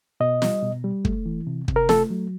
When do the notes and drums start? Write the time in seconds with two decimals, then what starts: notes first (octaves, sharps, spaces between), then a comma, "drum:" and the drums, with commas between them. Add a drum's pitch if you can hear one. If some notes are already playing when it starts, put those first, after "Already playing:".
0.20 B2 D#5
0.42 G3, drum: snare
0.62 B2
0.84 G3
1.05 A3, drum: kick
1.26 E3
1.47 C3
1.68 C3, drum: kick
1.76 A#4
1.89 A3 A4, drum: snare
2.10 F#3